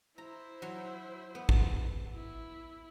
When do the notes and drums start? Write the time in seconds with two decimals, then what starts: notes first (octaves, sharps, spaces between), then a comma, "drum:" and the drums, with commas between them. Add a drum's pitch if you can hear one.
0.18 E4 C5 A#5
0.62 F#3
1.35 B3
1.49 drum: kick A1
2.15 E4